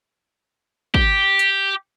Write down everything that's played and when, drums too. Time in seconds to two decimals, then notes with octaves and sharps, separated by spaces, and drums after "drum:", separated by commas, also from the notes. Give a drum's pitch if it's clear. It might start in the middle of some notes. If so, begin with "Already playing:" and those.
0.94 G4, drum: kick
1.39 drum: hi-hat